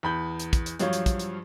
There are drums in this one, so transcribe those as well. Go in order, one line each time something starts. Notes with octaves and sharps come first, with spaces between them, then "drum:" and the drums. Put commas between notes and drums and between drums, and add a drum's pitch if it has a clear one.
E2 B5 G6
drum: hi-hat
drum: kick, hi-hat
drum: hi-hat
G2 F3 F#3 C#5 F5, drum: hi-hat
drum: hi-hat
drum: kick, hi-hat
drum: hi-hat